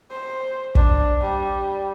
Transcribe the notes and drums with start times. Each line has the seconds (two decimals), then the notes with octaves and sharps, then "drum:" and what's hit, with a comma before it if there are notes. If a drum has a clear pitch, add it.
0.11 C5
0.75 D4, drum: kick
1.21 G3